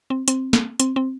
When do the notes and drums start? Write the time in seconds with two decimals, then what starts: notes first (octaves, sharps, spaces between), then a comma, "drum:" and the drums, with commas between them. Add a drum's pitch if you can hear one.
0.10 C4
0.28 C4, drum: hi-hat
0.53 drum: snare
0.80 C4, drum: hi-hat
0.96 C4